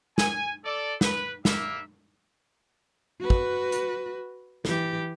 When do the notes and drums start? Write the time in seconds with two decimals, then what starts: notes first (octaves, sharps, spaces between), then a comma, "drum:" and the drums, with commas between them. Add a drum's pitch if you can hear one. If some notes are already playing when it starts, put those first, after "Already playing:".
0.18 G#5, drum: snare
0.65 A4 D5
1.01 B4, drum: snare
1.45 G3 A#3 E5, drum: snare
3.21 F#4 B4
3.30 drum: kick
3.72 drum: hi-hat
4.65 E3 G4, drum: snare